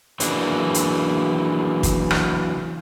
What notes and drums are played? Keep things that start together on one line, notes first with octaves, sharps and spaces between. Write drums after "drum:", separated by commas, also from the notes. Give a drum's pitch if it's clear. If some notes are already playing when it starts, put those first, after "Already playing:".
C#3 E3 F#3 A#3 D4, drum: hi-hat
drum: hi-hat
drum: kick, hi-hat
drum: rim click